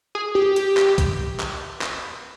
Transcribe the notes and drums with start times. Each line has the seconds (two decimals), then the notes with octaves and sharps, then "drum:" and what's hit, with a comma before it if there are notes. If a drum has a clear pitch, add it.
0.15 G#4
0.35 G4
0.56 drum: hi-hat
0.77 drum: clap
0.98 drum: kick B1, hi-hat
1.40 drum: clap
1.82 drum: clap